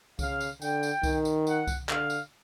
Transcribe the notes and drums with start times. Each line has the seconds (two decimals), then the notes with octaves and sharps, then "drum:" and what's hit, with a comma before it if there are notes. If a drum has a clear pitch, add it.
0.19 C#3 F5, drum: kick C2, tambourine
0.40 drum: tambourine
0.62 D3 G5, drum: tambourine
0.83 drum: tambourine
1.03 D#3, drum: kick C2, tambourine
1.25 drum: tambourine
1.47 F#5, drum: tambourine
1.67 drum: kick C2, tambourine
1.89 D3 F5, drum: clap
2.10 drum: tambourine